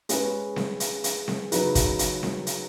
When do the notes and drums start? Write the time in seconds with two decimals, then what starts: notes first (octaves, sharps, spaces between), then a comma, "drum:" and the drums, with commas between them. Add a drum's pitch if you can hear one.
0.09 G#3 C#4 G#4 B4, drum: hi-hat
0.56 drum: snare C4
0.80 drum: hi-hat
1.04 drum: hi-hat
1.28 drum: snare C4
1.52 C#3 F#3 D#4 B4, drum: hi-hat
1.75 drum: kick, hi-hat
1.99 drum: hi-hat
2.23 drum: snare C4
2.47 drum: hi-hat